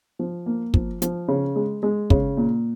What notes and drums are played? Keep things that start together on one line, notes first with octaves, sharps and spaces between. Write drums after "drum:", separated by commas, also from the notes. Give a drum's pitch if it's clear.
F3
A#3
F3, drum: kick
F3, drum: hi-hat
C#3
G#3
G#3
C#3, drum: kick
A#2